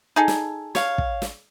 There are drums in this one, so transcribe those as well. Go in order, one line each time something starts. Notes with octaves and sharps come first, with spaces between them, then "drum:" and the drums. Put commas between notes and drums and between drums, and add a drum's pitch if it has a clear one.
D#4 G#4 A4
drum: snare
C#5 F5, drum: snare
drum: kick
drum: snare